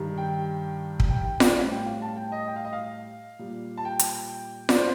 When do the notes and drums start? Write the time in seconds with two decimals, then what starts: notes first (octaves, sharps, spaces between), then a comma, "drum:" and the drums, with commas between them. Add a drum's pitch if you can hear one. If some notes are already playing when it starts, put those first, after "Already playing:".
Already playing: G2 D#3 G3
0.18 G5
1.00 drum: kick
1.10 G5
1.24 G5
1.40 D5, drum: snare F4
1.56 A2 G3
1.71 G5
1.86 F5
2.02 A5
2.16 G5
2.32 D#5
2.48 G5
2.56 F5
2.65 D#5
2.73 F5
3.39 A#2 G3
3.78 A5
3.85 G5
3.99 drum: hi-hat
4.69 D5, drum: snare F4
4.77 C5